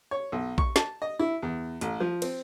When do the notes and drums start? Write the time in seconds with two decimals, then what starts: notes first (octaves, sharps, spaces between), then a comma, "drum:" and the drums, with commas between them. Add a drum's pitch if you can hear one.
0.11 C#5
0.32 B1
0.58 C#6, drum: kick A#1
0.76 A5, drum: snare
1.02 D#5
1.19 E4
1.43 E2
1.81 A1, drum: hi-hat
2.00 F3
2.22 C4, drum: cymbal